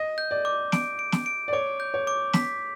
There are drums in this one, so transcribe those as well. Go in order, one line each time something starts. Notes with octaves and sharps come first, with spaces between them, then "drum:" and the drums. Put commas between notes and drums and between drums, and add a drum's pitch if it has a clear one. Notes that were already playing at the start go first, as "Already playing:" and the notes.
Already playing: D#5
G6
D5
D6
D7, drum: snare
D7
drum: snare
D7
D5
C#5 D6
G6
C#5
D6
B6, drum: snare